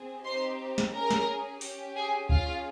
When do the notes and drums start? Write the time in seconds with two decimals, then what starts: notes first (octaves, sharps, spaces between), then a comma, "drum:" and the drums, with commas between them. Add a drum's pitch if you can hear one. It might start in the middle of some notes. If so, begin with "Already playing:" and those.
Already playing: C4 G#4
0.25 C4 D#4 G4 C5 C6
0.78 drum: snare
0.93 C#4 G#4 A#4 A#5
1.11 drum: snare
1.61 C#4 G4, drum: open hi-hat
1.96 G#4 G#5
2.29 C#4 F4 G#4 F5, drum: kick C#2